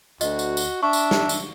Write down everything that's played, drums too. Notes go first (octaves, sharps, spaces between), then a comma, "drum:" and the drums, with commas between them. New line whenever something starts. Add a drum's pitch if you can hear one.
D2 F#4 D#5, drum: tambourine
drum: tambourine
drum: tambourine
D4 E5 C#6
drum: tambourine
drum: snare
drum: tambourine